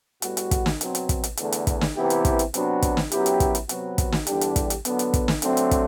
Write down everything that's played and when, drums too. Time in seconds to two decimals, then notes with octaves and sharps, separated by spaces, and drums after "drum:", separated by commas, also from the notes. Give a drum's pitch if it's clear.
0.22 A2 G3 B3 F#4, drum: hi-hat
0.37 drum: hi-hat
0.51 drum: kick, hi-hat
0.66 drum: snare
0.81 B2 F#3 C4, drum: hi-hat
0.95 drum: hi-hat
1.09 drum: kick, hi-hat
1.24 drum: hi-hat
1.37 E2 D3 A3, drum: hi-hat
1.52 drum: hi-hat
1.67 drum: kick, hi-hat
1.81 drum: snare
1.95 C3 E3 B3 E4 G4
2.10 drum: hi-hat
2.25 drum: kick, hi-hat
2.39 drum: hi-hat
2.54 C3 F#3 B3 D4 F#4, drum: hi-hat
2.82 drum: kick, hi-hat
2.97 drum: snare
3.12 F#2 F#3 B3 E4 G4, drum: hi-hat
3.26 drum: hi-hat
3.40 drum: kick, hi-hat
3.55 drum: hi-hat
3.69 C3 F#3 B3 F#4, drum: hi-hat
3.98 drum: kick, hi-hat
4.12 drum: snare
4.27 E2 D3 G3 D4 G4, drum: hi-hat
4.41 drum: hi-hat
4.56 drum: kick, hi-hat
4.70 drum: hi-hat
4.85 D3 F#3 B3, drum: hi-hat
4.99 drum: hi-hat
5.14 drum: kick, hi-hat
5.28 drum: snare
5.42 D3 F#3 A3 C4, drum: hi-hat
5.57 drum: hi-hat
5.71 drum: kick, hi-hat